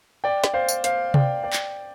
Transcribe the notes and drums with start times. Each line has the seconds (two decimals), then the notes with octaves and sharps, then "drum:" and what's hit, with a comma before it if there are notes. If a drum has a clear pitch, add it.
0.24 D5 G5
0.44 drum: snare
0.54 C5 F5
0.69 drum: tambourine
0.84 C5 F5, drum: hi-hat
1.14 D5 G5, drum: tom C3
1.43 D5 G5
1.53 drum: clap